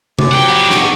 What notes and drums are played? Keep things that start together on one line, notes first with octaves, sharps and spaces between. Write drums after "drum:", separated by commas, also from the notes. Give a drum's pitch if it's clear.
F#2 D6, drum: tom C3
F3 F#3 G4 F#5 G5
D3 B3 F#5 D6
C3 D#3 C#6, drum: snare
E2 F5 F#5